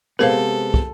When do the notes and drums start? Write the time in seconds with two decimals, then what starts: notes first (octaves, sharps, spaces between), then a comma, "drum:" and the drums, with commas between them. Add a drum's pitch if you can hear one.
0.19 C3 G#3 B3 A4 A#4 C5 F5
0.74 drum: kick